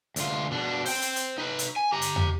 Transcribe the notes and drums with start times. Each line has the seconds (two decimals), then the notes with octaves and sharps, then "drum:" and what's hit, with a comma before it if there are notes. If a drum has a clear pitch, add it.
0.16 D2 F4, drum: hi-hat
0.51 B2 D4
0.86 C5 G5, drum: open hi-hat
1.02 drum: hi-hat
1.16 drum: hi-hat
1.38 D#4 B4
1.59 drum: hi-hat
1.76 G#5
1.92 G4 A#5
2.02 drum: hi-hat
2.16 drum: tom E2